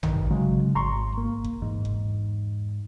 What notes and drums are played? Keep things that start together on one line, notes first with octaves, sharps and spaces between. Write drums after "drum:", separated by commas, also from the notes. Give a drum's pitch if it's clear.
G2 B2 D#3, drum: tom
C#3 F#3 G#3
G#1 A#5 C6 C#6
A#3
drum: kick F#1
E2 G#2
drum: kick F#1